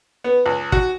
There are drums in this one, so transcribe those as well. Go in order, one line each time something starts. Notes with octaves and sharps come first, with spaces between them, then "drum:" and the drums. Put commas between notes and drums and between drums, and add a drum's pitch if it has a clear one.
B3
C#2
F#4, drum: kick